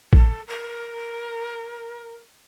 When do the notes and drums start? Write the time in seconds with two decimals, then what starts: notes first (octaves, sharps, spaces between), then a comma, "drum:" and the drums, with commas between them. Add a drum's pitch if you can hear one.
0.13 A4, drum: kick
0.47 A#4